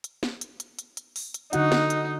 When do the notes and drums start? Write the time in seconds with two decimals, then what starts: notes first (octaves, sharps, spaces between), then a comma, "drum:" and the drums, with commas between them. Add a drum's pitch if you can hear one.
0.04 drum: hi-hat
0.23 drum: snare
0.41 drum: hi-hat
0.60 drum: hi-hat
0.79 drum: hi-hat
0.97 drum: hi-hat
1.16 drum: open hi-hat
1.34 drum: hi-hat
1.53 D3 D#4 F#4 F#5, drum: hi-hat
1.72 drum: snare
1.90 drum: hi-hat